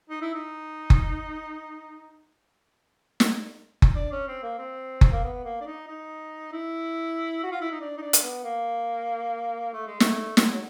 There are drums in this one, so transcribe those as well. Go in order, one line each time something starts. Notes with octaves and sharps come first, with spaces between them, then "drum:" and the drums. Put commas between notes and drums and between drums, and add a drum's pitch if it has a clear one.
D#4
E4
D#4
drum: kick F#1
drum: snare
drum: kick F#1
D4
C#4
C4
A#3
C4
drum: kick F#1
A#3
B3
A#3
D4
D#4
D#4
E4
F#4
F4
E4
D#4
D4
D#4
D4
drum: hi-hat
B3
A#3
A3
G#3
A3, drum: snare
G#3, drum: snare
F#3